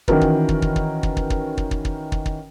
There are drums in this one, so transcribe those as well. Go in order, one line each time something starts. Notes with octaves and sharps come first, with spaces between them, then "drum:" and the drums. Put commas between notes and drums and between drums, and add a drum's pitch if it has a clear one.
D#3 E3 C#4 F#4 A#4 B4, drum: kick
drum: kick
drum: kick
drum: kick
drum: kick
drum: kick
drum: kick
drum: kick
drum: kick
drum: kick
drum: kick
drum: kick
drum: kick